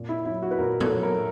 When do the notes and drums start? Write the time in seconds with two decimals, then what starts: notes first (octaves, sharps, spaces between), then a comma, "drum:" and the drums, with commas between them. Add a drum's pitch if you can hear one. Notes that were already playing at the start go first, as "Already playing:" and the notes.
Already playing: A#2
0.09 E4
0.25 F#3 E4
0.43 F#4
0.51 B4
0.59 A#2 A#4
0.80 A4, drum: tom
0.92 F#3
1.03 A#4